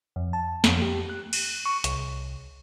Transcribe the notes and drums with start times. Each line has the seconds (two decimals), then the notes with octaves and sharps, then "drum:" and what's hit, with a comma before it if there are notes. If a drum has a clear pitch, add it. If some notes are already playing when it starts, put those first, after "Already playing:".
0.16 F2
0.33 A5
0.64 F2, drum: snare
0.82 G4
1.09 F#6
1.33 drum: cymbal
1.65 C#6
1.84 C2, drum: hi-hat